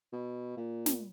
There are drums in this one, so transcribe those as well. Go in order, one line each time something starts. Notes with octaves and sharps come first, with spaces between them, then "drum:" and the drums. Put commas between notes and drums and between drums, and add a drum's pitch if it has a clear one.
B2
A#2
drum: snare